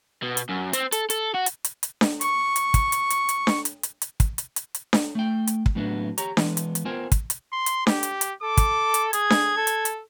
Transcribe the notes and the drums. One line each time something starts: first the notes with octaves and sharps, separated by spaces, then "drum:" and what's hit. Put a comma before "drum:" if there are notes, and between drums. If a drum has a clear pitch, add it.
B2
drum: hi-hat
F#2
C4, drum: hi-hat
A4, drum: hi-hat
A4, drum: hi-hat
F#4
drum: hi-hat
drum: hi-hat
drum: hi-hat
drum: snare D4
C#6, drum: hi-hat
drum: hi-hat
drum: kick, hi-hat
drum: hi-hat
drum: hi-hat
drum: hi-hat
drum: snare D4
drum: hi-hat
drum: hi-hat
drum: hi-hat
drum: kick, hi-hat
drum: hi-hat
drum: hi-hat
drum: hi-hat
drum: snare D4
A3 G5
drum: hi-hat
drum: kick
A2 F#3 B3 D4 F#4
G4 C#5 A#5, drum: hi-hat
E3 G#3 B3, drum: snare D4
drum: hi-hat
drum: hi-hat
B3 F4 A#4 C5 G5 G#5
drum: kick, hi-hat
drum: hi-hat
C6
drum: hi-hat
G4, drum: snare D4
drum: hi-hat
drum: hi-hat
A4 D6
drum: kick, hi-hat
drum: hi-hat
G#4 G#6, drum: hi-hat
drum: snare D4
A4
drum: hi-hat
drum: hi-hat